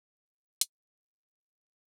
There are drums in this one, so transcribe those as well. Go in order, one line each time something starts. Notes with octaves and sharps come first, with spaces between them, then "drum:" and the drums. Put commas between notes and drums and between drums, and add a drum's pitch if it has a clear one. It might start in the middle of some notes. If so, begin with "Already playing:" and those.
C#3 C#4
B2 B3, drum: hi-hat
A2 A3
G#2 G#3